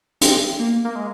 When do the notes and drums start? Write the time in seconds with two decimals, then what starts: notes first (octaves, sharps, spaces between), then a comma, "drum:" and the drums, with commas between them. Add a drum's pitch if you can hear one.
0.21 C4, drum: hi-hat
0.59 A#3
0.85 A#3
0.95 G#3